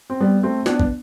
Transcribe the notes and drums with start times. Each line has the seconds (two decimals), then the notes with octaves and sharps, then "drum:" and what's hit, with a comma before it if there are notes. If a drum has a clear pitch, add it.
0.10 C4
0.20 G3 B3
0.43 A3 C4
0.66 B3 D4, drum: snare
0.80 drum: kick